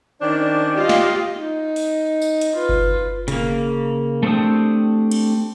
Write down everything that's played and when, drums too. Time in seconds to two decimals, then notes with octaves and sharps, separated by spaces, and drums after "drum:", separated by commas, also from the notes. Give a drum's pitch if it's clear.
0.21 D#3 C#4 D4 C5 D5
0.77 F4 G4 D#5 F5
0.89 drum: snare
1.36 D#4
1.76 drum: open hi-hat
2.22 drum: tambourine
2.41 drum: hi-hat
2.55 F4 B4
2.69 drum: kick G1
3.28 C#3 A#3, drum: hi-hat
4.23 A3 C4 D4 G4 D#6
5.11 drum: cymbal